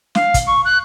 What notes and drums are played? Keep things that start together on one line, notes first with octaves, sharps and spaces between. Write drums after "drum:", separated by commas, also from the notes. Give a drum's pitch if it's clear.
F5, drum: snare
drum: kick, hi-hat
C#6
F#6